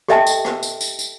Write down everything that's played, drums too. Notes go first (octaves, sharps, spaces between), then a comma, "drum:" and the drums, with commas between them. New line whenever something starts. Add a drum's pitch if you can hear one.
G4 A4 D#5 E5 G5 A5, drum: rim click
drum: tambourine
drum: rim click
drum: tambourine
drum: tambourine
drum: tambourine